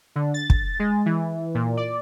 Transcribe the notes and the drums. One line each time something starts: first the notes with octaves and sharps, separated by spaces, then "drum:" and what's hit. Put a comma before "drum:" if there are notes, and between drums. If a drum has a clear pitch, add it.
D3
A6
drum: kick
G#3
E3
A#2
D5